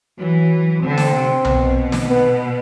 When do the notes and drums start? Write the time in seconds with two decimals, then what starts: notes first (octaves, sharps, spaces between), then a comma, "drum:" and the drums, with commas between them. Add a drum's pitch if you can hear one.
0.18 E3 F#3
0.82 D3 C4
0.98 drum: snare
1.14 C3
1.45 B2, drum: tom B1
1.92 drum: snare
2.08 B3